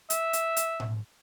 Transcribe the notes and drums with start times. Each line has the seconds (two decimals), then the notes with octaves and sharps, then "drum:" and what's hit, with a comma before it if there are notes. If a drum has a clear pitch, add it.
0.10 E5, drum: hi-hat
0.33 drum: hi-hat
0.57 drum: hi-hat
0.80 drum: tom A2